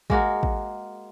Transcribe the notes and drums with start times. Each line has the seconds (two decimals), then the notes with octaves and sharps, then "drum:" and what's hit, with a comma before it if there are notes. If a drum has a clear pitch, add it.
0.10 G#3 A#3 F#4, drum: kick
0.43 drum: kick